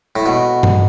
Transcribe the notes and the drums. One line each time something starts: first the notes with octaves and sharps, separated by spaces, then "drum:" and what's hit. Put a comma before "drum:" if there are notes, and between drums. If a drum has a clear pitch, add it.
A2
B2
drum: tom G2